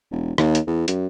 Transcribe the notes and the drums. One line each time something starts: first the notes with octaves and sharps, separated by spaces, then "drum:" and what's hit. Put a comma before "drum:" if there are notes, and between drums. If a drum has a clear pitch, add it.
E1
D#2, drum: rim click
drum: hi-hat
E2
F#2, drum: hi-hat